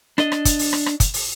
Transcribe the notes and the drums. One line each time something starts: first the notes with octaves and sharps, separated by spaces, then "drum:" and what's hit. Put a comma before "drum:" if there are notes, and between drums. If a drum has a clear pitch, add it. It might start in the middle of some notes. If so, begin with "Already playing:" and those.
D4 D#5, drum: rim click
drum: rim click
drum: kick, hi-hat
drum: open hi-hat
drum: rim click
drum: rim click
drum: kick, hi-hat
drum: open hi-hat